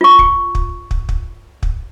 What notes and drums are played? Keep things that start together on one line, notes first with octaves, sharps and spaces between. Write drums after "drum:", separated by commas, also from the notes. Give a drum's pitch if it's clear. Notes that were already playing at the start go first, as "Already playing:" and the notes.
F4 C#6
drum: kick
drum: kick
drum: kick
drum: kick
drum: kick